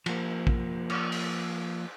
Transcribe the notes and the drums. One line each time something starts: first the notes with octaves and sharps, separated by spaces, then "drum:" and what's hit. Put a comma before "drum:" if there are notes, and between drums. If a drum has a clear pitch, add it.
F3 A#3, drum: cymbal
drum: kick
drum: cymbal
drum: open hi-hat